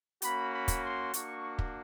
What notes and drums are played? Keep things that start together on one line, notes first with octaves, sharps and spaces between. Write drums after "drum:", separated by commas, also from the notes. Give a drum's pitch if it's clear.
A#3 C#4 F#4 B5, drum: hi-hat
B5
drum: kick, hi-hat
C6
A#3 D4 F#4 C#6, drum: hi-hat
drum: kick